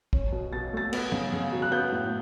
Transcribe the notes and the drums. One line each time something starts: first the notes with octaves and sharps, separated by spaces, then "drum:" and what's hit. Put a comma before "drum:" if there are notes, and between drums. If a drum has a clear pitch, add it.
C#4, drum: kick
B2
B2 A6
A3 A6
B3, drum: cymbal
C#3, drum: tom
C#3
F#3
F#6
B3 G6
A2